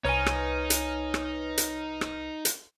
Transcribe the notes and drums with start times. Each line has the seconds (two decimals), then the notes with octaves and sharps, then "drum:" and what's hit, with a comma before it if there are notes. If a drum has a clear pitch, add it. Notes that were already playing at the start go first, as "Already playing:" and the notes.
0.05 C2 D#4 B4 C#5 G#5 F6
0.26 drum: rim click
0.70 drum: hi-hat
1.14 drum: rim click
1.58 drum: hi-hat
2.01 drum: rim click
2.45 drum: hi-hat